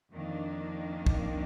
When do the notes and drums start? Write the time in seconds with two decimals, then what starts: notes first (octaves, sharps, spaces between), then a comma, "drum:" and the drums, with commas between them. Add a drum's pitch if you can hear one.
0.12 F2 D#3 A#3 D4
1.06 drum: kick